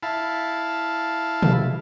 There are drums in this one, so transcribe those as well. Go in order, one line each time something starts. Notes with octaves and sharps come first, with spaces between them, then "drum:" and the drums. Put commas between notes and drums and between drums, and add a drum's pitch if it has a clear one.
E4 F5 A5
drum: tom B2